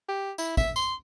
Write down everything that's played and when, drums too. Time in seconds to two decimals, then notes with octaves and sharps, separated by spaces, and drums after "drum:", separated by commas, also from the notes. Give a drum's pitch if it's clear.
0.09 G4
0.38 E4, drum: tambourine
0.57 E5, drum: kick, tambourine
0.76 C6, drum: tambourine